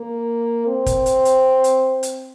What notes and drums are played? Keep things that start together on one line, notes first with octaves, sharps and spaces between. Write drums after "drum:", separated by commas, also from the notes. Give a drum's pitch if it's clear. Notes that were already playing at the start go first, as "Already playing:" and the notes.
Already playing: A#3
C4
drum: kick, hi-hat
drum: hi-hat
drum: hi-hat
drum: hi-hat
drum: hi-hat